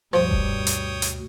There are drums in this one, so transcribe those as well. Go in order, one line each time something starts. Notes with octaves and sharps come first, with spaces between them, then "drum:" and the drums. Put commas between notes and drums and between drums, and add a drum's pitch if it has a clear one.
D2 G2 B2 F3 C#5 G5 D#6
drum: kick F1
drum: hi-hat
drum: hi-hat